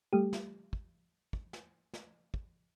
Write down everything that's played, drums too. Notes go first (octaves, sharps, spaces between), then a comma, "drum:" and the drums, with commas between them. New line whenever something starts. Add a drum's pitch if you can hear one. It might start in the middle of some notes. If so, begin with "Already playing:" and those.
G3 A3 G4
drum: snare
drum: kick
drum: kick
drum: snare
drum: snare
drum: kick